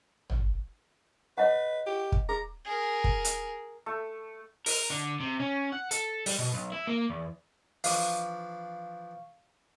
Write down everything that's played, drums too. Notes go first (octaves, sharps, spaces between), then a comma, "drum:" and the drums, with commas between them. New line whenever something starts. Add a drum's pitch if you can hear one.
drum: tom
B4 C#5 D#5 F#5
G4
drum: kick
G#4 A#5
G#4 A#4
drum: kick
drum: hi-hat
A3
A#4, drum: open hi-hat
D3
C3
C#4
F#5
A4, drum: hi-hat
G3, drum: open hi-hat
B2
B1
E4
A#3
E2
E3 F3 D4 F5 C#6, drum: open hi-hat